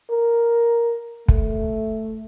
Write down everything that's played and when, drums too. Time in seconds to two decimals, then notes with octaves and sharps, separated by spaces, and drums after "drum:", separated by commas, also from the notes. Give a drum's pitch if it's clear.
0.10 A#4
1.28 A3, drum: kick